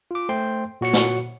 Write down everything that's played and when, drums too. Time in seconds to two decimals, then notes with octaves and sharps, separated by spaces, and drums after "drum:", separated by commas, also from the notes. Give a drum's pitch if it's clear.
0.11 F4 D6
0.29 A3 C5 G5 C6
0.81 A#2 F#4 C#5 C#7
0.93 drum: snare